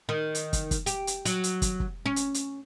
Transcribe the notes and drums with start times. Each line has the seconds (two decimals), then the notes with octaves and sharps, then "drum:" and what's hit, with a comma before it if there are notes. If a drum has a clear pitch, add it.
0.09 D#3
0.35 drum: hi-hat
0.53 drum: kick, hi-hat
0.71 drum: kick, hi-hat
0.86 G4, drum: hi-hat
1.07 drum: hi-hat
1.25 F#3, drum: hi-hat
1.44 drum: hi-hat
1.62 drum: kick, hi-hat
1.80 drum: kick
2.06 C#4
2.16 drum: hi-hat
2.34 drum: hi-hat